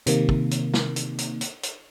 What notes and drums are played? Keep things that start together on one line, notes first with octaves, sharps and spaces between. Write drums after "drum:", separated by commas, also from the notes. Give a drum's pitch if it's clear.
C3 D#3 A#3, drum: hi-hat
drum: kick
drum: hi-hat
drum: snare
drum: hi-hat
drum: hi-hat
drum: hi-hat
drum: hi-hat